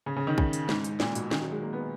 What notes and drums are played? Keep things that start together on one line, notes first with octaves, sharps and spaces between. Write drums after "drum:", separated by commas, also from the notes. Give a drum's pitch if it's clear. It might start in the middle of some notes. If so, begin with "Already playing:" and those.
C#3
C#3
D#3
C#3, drum: kick
drum: hi-hat
G#2, drum: snare
drum: hi-hat
A#2, drum: snare
B2, drum: hi-hat
D#3, drum: snare
F#3
G#3
A#3
B3